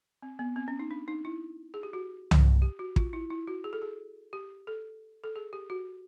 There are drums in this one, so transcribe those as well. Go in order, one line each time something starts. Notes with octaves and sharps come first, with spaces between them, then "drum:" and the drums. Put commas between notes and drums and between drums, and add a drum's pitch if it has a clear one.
C4
B3
C4
C#4
D#4
D4
D#4
E4
G#4
G4
F#4
drum: tom C2
G4
F#4
F4, drum: kick
E4
E4
F#4
G#4
A4
G#4
G4
A4
A4
G#4
G4
F#4